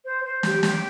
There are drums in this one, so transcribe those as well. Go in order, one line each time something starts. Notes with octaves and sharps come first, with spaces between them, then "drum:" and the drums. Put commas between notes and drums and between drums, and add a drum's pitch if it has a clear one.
C5
C5
G4, drum: snare
G4, drum: snare